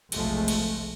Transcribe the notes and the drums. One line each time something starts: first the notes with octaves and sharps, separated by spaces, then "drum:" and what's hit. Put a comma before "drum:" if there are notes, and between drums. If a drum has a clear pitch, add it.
F1 B1 F3 G#3 A3, drum: cymbal
drum: cymbal